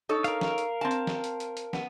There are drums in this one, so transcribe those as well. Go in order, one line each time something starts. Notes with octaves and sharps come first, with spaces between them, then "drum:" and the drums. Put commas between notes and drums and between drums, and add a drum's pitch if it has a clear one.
D#4 A4 C#5
A#4 F5, drum: hi-hat
drum: snare
drum: hi-hat
C4 A5
drum: hi-hat
drum: snare
drum: hi-hat
drum: hi-hat
drum: hi-hat
B3, drum: snare